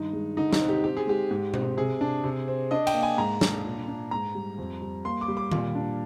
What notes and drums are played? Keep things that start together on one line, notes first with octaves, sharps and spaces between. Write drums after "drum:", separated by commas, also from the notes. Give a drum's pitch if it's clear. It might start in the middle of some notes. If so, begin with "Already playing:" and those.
Already playing: G2 D#3 D#4
G#3
D3 D#4
D#4, drum: snare
C4
G4
C4 G4
G#4
G#3 G4
G#2
C4, drum: tom
C3 G#4
D4
C3
C4
D4 D#5
G5, drum: cymbal
A#3
G#5
G#2 A#5
D4, drum: snare
A#2
D4
G#2 A#5
G3
F2
G3
A#3 C6
D6
G3
D6
A#2, drum: tom D#3
D4